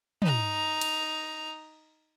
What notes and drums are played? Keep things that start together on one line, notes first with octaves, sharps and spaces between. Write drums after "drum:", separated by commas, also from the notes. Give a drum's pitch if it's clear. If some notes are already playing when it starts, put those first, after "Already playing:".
D#4 A#5, drum: tom
drum: cymbal